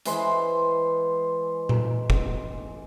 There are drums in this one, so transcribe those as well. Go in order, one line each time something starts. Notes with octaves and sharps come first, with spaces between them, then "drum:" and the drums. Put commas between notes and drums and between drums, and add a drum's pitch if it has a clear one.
E3 G#3 C5 C6, drum: hi-hat
drum: tom A#2
drum: kick